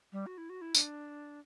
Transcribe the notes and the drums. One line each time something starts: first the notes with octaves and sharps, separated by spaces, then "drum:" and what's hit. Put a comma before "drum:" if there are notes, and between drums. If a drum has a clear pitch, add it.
G3
F#4
E4
F#4
E4
D4, drum: tambourine